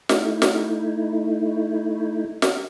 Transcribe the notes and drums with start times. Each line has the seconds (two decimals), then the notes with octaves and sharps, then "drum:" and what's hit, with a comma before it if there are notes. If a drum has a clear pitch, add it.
0.09 A3 D#4 E4, drum: snare
0.42 drum: snare
2.42 drum: snare